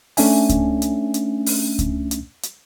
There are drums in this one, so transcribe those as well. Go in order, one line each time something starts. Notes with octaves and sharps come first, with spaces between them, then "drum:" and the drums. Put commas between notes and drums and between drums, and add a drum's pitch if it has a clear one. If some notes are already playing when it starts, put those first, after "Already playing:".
A3 C#4 D4 E5 G#5, drum: open hi-hat
drum: kick C#2, hi-hat
drum: hi-hat
drum: hi-hat
drum: open hi-hat
drum: kick C#2, hi-hat
drum: hi-hat
drum: hi-hat